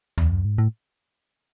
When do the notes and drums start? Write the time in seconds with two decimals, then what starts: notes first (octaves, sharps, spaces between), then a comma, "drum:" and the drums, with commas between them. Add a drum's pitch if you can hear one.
0.18 E2, drum: tom D2
0.32 F#2
0.45 G#2
0.58 A2